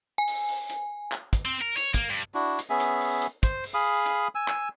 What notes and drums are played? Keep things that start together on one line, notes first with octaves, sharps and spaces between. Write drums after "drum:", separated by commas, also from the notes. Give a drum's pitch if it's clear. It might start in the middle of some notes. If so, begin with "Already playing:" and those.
G#5
drum: open hi-hat
drum: open hi-hat
drum: hi-hat
drum: clap
drum: kick, hi-hat
C4
A#4
C#5, drum: hi-hat
A#3, drum: kick, hi-hat
G2
D4 E4 F#4
drum: hi-hat
B3 C#4 G#4 E5
drum: hi-hat
drum: open hi-hat
drum: hi-hat
C5, drum: kick, hi-hat
drum: open hi-hat
G#4 F5 B5 D#6
drum: hi-hat
G#5 E6
drum: clap